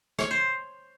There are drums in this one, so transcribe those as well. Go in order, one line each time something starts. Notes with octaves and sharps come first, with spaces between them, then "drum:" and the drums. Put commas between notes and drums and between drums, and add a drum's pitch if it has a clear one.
C#5, drum: rim click
C5